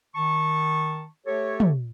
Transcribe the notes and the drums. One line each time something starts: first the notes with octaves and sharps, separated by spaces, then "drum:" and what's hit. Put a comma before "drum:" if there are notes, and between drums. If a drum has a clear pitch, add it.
D#3 A5 C#6
A3 G4 A4 C#5
drum: tom